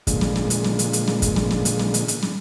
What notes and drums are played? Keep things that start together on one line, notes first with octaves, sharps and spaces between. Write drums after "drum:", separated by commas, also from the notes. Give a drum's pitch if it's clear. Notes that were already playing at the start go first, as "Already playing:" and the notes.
A#2 D3 F3 G#3, drum: kick, hi-hat
drum: snare
drum: snare
drum: hi-hat
drum: snare
drum: hi-hat
drum: hi-hat
drum: snare
drum: kick, hi-hat
drum: snare
drum: snare
drum: hi-hat
drum: snare
drum: hi-hat
drum: hi-hat
drum: snare